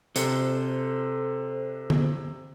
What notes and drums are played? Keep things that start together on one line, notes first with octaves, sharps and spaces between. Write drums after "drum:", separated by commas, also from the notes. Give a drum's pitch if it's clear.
C3 A4 C5, drum: hi-hat
drum: tom D3